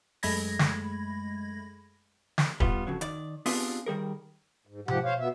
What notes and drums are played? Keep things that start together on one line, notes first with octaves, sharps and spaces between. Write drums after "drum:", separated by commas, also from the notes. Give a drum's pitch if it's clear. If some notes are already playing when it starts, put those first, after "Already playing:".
F#2 G#3 A3 B5 G#6 A#6, drum: open hi-hat
drum: snare
drum: snare
G3 B3 F4, drum: kick
F2 C#3 F#3
D#3 D5, drum: hi-hat
B3 C4 D4 F4 G4 G#4, drum: open hi-hat
D#3 G3 G#4 A#4
G#2
G#2 F3 G4 F#5, drum: tom B2
C5 C#5 F5
B2 B3 E5